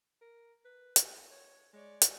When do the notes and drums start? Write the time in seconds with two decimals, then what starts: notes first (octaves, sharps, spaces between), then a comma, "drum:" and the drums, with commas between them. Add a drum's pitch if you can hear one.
0.21 A#4
0.65 B4
0.96 drum: hi-hat
1.31 C#5
1.73 G#3 C#5 D5
2.02 drum: hi-hat